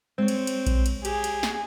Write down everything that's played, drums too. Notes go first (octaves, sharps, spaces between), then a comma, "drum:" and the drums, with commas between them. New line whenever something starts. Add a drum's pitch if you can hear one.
G#3 C4 C#5
drum: cymbal
drum: cymbal
drum: kick A#1, cymbal
drum: cymbal
G4 G#4, drum: cymbal
drum: cymbal
drum: snare